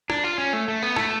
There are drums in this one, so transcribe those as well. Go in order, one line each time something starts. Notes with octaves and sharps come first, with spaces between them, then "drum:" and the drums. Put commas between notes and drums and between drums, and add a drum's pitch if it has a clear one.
D4, drum: rim click
F4
C#4
A3
A3
B3
A3, drum: rim click